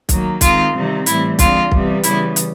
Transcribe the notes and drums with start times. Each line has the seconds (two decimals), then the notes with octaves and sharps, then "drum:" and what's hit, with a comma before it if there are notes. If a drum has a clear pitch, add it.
0.09 D#3 F#3 A#3, drum: kick B1, hi-hat
0.41 D#3 G#3 C4 F4, drum: kick B1, hi-hat
0.74 C3 D#3 G3 C4
1.06 A2 E3 G3 C4 E4, drum: hi-hat
1.39 D3 F3 G#3 C4 F4, drum: kick B1, hi-hat
1.72 C3 E3 G3 B3, drum: kick B1
2.03 C#3 E3 G3 B3 E4, drum: hi-hat
2.36 drum: hi-hat